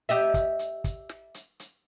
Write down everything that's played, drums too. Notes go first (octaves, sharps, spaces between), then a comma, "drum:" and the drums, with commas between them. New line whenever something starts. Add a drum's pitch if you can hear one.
G4 D#5 E5, drum: hi-hat
drum: kick, hi-hat
drum: hi-hat
drum: kick, hi-hat
drum: snare
drum: hi-hat
drum: hi-hat